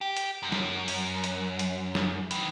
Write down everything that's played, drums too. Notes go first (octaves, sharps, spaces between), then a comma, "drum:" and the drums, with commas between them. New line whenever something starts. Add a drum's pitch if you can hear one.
G4
drum: hi-hat
F#2
drum: snare
drum: open hi-hat
drum: hi-hat
drum: hi-hat
drum: snare
D#3 E3, drum: hi-hat